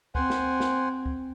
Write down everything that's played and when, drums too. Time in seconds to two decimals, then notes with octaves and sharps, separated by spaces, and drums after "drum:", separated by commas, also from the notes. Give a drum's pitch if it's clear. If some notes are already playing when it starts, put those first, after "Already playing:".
0.15 C4 C5 F#5 G#5, drum: kick C#2
0.30 drum: snare
0.60 drum: snare
1.06 drum: kick C#2